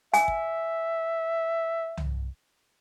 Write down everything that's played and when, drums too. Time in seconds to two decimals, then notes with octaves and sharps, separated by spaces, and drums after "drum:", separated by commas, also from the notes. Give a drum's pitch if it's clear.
0.14 E5 G#5, drum: hi-hat
0.28 drum: kick
1.97 drum: tom